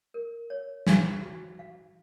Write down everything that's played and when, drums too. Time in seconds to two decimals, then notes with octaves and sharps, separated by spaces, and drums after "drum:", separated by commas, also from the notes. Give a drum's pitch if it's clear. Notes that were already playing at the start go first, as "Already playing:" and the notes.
0.14 A#4
0.50 C#5
0.87 G#5, drum: snare
1.22 F#4
1.59 F5